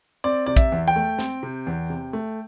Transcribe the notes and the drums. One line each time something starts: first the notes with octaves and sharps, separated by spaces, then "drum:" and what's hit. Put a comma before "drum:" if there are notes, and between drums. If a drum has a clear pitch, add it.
C4 D5
C3 D5
E5, drum: kick, hi-hat
E2
G5
A3
C4, drum: snare
C3
E2
C3
A3